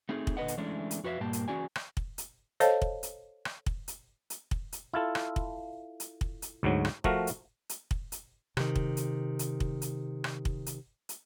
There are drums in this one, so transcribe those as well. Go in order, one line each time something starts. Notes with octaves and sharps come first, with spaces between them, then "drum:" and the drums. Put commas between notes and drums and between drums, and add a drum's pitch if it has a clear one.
A3 C4 D#4 G#4
drum: kick
A#2 D3 B4 D#5 F#5
drum: hi-hat
E3 G#3 A3 C#4 D4
drum: hi-hat
F2 F#4 B4 C#5 E5 F5
G2 A#2 A#3 G4 A5
drum: hi-hat
E3 C#4 F#4 G#4 D5 G#5
drum: rim click
drum: kick
drum: hi-hat
A4 C5 C#5 D#5 F5 A5, drum: hi-hat
drum: kick
drum: hi-hat
drum: rim click
drum: kick
drum: hi-hat
drum: hi-hat
drum: kick
drum: hi-hat
E4 F4 A4
drum: rim click
drum: kick
drum: hi-hat
drum: kick
drum: hi-hat
D2 G#2 F#3
drum: rim click
F3 A3 F#4 A#4, drum: kick
drum: hi-hat
drum: hi-hat
drum: kick
drum: hi-hat
C3 D#3, drum: rim click
drum: kick
drum: hi-hat
drum: hi-hat
drum: kick
drum: hi-hat
drum: rim click
drum: kick
drum: hi-hat
drum: hi-hat